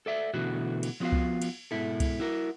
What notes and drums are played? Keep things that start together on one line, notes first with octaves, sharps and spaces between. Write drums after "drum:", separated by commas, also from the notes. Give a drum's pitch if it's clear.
A4 D5 E5
B2 D3 E3 A3 F#4
drum: cymbal
F3 F#3 B3 F4 F#4 F5
drum: kick C2
drum: cymbal
G#2 B2 E4 A4
drum: kick C2, cymbal
E4 F#4 A#4